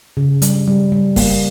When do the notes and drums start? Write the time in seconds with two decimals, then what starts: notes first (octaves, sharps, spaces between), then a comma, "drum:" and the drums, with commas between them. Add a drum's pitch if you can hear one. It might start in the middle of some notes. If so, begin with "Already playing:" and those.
0.17 C#3
0.42 G3, drum: hi-hat
0.67 G3
0.92 G3
1.16 A#3, drum: kick, open hi-hat